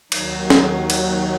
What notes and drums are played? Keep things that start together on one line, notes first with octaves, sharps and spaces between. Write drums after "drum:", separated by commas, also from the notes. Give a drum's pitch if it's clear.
D#2 D#3 F#3 D#4, drum: cymbal
D#4, drum: snare
F#4, drum: cymbal